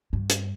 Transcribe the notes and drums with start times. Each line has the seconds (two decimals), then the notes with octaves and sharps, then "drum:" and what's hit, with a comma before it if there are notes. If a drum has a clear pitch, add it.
0.13 G2
0.30 drum: hi-hat